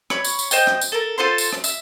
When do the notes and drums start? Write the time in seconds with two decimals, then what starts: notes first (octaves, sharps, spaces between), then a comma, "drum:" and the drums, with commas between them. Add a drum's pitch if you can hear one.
0.10 C#5 B5, drum: rim click
0.25 drum: tambourine
0.39 drum: tambourine
0.51 C5 D#5 G5, drum: tambourine
0.67 drum: rim click
0.81 drum: tambourine
0.92 A4 A#4
1.18 F4 A4 C5 C6
1.38 drum: tambourine
1.52 drum: rim click
1.64 E5, drum: tambourine